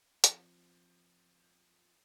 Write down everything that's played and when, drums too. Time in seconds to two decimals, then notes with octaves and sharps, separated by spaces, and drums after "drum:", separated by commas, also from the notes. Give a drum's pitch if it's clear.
0.24 F3 C4, drum: hi-hat